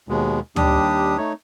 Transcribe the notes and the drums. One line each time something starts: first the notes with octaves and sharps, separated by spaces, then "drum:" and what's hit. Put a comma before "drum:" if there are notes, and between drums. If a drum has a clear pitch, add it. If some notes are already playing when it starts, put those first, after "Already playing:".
D#2 B2 G#3
D#2 G3 D4 G4 D#6, drum: tom D2
A3 D#4 C#5